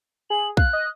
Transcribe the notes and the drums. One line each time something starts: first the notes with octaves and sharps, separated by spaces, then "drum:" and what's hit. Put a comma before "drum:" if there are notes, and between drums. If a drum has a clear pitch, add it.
G#4 F#7
F5 F#6, drum: kick
D#5